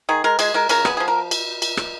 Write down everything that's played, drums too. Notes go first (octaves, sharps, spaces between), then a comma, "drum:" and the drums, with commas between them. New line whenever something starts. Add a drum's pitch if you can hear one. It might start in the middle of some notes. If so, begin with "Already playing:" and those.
D#3 G#4
G#3 A#4
G#3 G#4, drum: cymbal
G#3 A#4
C#3 A#4, drum: cymbal
B3 G#4, drum: rim click
F3 G#4
A#4
drum: cymbal
drum: cymbal
drum: rim click